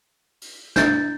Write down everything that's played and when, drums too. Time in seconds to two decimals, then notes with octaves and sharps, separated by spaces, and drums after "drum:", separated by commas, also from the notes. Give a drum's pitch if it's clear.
0.42 drum: open hi-hat
0.76 D4 E4 G6 A6, drum: snare